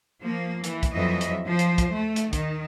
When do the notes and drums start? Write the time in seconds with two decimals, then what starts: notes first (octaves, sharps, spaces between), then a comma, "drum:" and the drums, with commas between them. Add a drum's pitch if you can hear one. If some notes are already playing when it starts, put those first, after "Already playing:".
0.23 F3 A#3
0.64 E3, drum: hi-hat
0.83 drum: kick, hi-hat
0.95 F2 E3 F#3 D#5 E5
1.21 drum: hi-hat
1.46 F3 C5
1.59 drum: hi-hat
1.78 drum: kick, hi-hat
1.93 A3
2.16 drum: hi-hat
2.33 D#3, drum: kick, hi-hat